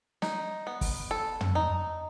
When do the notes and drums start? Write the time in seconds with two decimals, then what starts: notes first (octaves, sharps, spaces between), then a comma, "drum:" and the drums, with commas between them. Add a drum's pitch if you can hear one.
0.22 D#4, drum: snare
0.67 B3
0.81 drum: kick, open hi-hat
1.11 A4
1.41 drum: tom
1.55 D#4